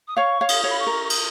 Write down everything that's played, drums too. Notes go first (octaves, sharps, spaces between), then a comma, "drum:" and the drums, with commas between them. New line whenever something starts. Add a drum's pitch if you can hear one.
D#6
C#5 F5 C#6
C#5 F5
D#6, drum: cymbal
C#5 F5
B5
C#6
A#4
C#6
D#6, drum: cymbal